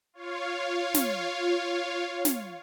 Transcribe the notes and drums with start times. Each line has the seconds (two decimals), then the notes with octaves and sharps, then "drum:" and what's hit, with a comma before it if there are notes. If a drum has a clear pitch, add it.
0.14 F4 C#5 F5
0.94 drum: snare
2.25 drum: snare